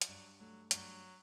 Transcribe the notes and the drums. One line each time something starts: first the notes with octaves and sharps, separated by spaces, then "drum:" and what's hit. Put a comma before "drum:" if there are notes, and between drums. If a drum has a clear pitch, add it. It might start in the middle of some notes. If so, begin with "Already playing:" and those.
F3, drum: hi-hat
G2 F#3
F#3 A3
G2 F#3, drum: hi-hat